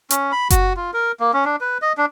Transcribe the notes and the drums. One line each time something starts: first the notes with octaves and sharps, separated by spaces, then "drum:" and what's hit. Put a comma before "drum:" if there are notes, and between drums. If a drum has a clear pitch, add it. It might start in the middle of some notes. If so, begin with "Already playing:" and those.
C#4, drum: hi-hat
B5
F#4, drum: kick F#1, hi-hat
F4
A#4
A#3
C#4
D4
B4
D#5
D4